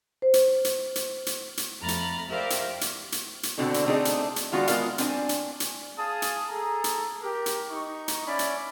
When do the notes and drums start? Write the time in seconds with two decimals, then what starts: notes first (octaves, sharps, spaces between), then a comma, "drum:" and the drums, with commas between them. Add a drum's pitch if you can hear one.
0.22 C5
0.34 drum: hi-hat
0.65 drum: hi-hat
0.95 drum: hi-hat
1.26 drum: hi-hat
1.57 drum: hi-hat
1.79 F2 A3 A#5 B5 F6 A6
1.88 drum: hi-hat
2.28 G4 A#4 C5 D5 E5 F5
2.50 drum: hi-hat
2.81 drum: hi-hat
3.12 drum: hi-hat
3.43 drum: hi-hat
3.58 B2 D3 C4 D4 E4 F#4
3.74 drum: hi-hat
3.86 A3 C4 D4 D#4 G#4 D#5
4.05 drum: hi-hat
4.36 drum: hi-hat
4.52 D#3 G#3 B3 D4 F4 F#4
4.68 G#3 B3 F4 A#4 D5 F5, drum: hi-hat
4.98 C4 D4 G#5, drum: hi-hat
5.29 drum: hi-hat
5.60 drum: hi-hat
5.97 G#4 F5 A5 D#6
6.22 drum: hi-hat
6.49 G#4 A4 A#5
6.84 drum: hi-hat
7.23 G4 A#4
7.46 drum: hi-hat
7.69 D#4 C#6
8.08 drum: hi-hat
8.26 C#4 D5 E5 B5
8.39 drum: hi-hat